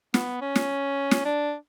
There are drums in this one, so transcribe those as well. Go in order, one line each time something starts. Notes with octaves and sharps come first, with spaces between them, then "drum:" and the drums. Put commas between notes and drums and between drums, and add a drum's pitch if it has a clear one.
B3, drum: snare
C#4
drum: snare
drum: snare
D4